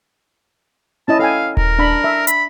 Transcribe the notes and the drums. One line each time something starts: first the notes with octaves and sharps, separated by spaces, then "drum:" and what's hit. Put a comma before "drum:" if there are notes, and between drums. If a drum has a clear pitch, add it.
C#4 E4 D#5 A5
A4 F5 G5 G#5
A#4, drum: kick D#1
D4 B5
E5
B5, drum: hi-hat